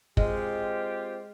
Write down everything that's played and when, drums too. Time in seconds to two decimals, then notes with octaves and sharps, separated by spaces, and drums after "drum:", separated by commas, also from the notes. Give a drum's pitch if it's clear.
0.17 G#3 C4 F4 G4, drum: kick